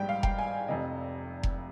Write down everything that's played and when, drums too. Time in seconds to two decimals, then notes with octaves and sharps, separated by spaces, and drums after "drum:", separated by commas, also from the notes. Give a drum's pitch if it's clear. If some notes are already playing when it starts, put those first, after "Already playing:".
Already playing: A#1 G#2 G3 G5
0.09 F5
0.23 G5, drum: kick F1
0.39 G#5
0.68 F1 F2 C3 D#5
1.43 drum: kick F1